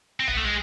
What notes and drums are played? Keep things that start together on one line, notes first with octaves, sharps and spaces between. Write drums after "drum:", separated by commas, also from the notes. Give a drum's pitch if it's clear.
C4
B3, drum: tom B1
A3
G#3